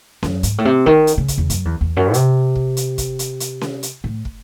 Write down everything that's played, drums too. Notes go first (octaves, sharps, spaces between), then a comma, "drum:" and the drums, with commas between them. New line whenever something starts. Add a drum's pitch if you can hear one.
F#2, drum: snare C#4
G#2, drum: hi-hat
A2
C3
D#3, drum: kick
drum: hi-hat
C#3
drum: kick, hi-hat
E2
F#2, drum: hi-hat
E2
E2
F#2
C3, drum: hi-hat
drum: kick
drum: hi-hat
drum: kick, hi-hat
drum: hi-hat
drum: hi-hat
drum: snare C#4
drum: hi-hat
A2
drum: kick